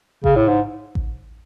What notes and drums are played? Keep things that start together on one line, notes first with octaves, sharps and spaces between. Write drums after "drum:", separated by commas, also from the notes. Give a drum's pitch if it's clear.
C#3, drum: kick A1
A2
G#2
drum: kick A1